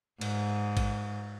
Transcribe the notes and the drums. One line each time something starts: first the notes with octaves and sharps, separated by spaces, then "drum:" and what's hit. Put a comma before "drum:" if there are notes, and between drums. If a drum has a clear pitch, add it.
G#2, drum: cymbal
drum: kick A1, cymbal